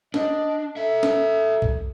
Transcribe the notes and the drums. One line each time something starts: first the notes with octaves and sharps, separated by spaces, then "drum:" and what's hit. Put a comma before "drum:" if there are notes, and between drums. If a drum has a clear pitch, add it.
D4 D#5, drum: snare
F#4 A4 E5
drum: snare
drum: kick B1